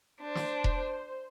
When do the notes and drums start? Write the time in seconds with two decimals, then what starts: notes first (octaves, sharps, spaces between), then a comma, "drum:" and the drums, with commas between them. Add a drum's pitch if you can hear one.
0.21 D4 C5
0.35 drum: snare
0.64 drum: kick E1